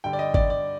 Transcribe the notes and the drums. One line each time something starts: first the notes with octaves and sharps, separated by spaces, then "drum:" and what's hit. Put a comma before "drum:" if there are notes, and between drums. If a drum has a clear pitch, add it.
G2 D3 G3 G5
D5
D#5
D5, drum: kick G#1
D5